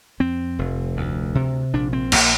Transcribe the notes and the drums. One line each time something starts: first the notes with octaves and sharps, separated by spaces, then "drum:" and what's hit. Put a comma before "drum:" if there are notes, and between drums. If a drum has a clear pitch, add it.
F2 C4
F1
D2
C3
A#1 D4
C4
A#1 A#3, drum: cymbal